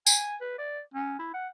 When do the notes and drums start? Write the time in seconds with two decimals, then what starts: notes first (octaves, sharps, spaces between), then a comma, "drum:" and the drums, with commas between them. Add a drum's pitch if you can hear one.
0.07 G#5, drum: tambourine
0.41 B4
0.58 D5
0.94 C#4
1.19 E4
1.34 F#5